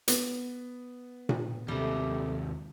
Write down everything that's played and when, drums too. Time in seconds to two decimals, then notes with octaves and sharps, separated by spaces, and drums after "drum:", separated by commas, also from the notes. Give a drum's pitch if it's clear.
0.08 B3, drum: hi-hat
1.29 drum: tom A#2
1.68 D#2 C3 G3 A3